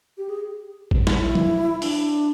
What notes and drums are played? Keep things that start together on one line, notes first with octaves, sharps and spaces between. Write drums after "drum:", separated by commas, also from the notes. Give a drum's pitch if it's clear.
G4
G#4
drum: kick A1
drum: snare
E4
drum: tom
D4, drum: open hi-hat